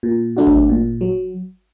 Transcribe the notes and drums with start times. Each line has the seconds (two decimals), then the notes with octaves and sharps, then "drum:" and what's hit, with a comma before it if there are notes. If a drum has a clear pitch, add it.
0.03 A#2
0.36 F#3 A3 D4 F#4
0.47 drum: kick G#1
0.69 A#2
1.01 F#3